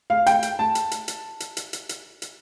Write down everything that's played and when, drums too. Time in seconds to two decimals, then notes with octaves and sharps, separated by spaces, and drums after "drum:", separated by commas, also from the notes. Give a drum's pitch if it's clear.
0.10 F5
0.26 G5, drum: hi-hat
0.43 drum: hi-hat
0.59 A5
0.75 drum: hi-hat
0.91 drum: hi-hat
1.08 drum: hi-hat
1.40 drum: hi-hat
1.57 drum: hi-hat
1.73 drum: hi-hat
1.89 drum: hi-hat
2.22 drum: hi-hat